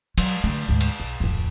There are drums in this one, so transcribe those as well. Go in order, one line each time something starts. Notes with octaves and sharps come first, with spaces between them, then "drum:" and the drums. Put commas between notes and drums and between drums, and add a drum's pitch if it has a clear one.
F#3, drum: cymbal
D3 A3
D2 G#2
drum: cymbal
B1
D1 F2